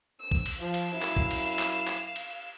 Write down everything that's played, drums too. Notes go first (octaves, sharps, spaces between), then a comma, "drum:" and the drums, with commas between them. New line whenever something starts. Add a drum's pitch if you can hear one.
E6
drum: kick
drum: cymbal
F3 F5 E7
drum: cymbal
F#2 E4
drum: clap
drum: kick
drum: cymbal
drum: clap
drum: clap
drum: cymbal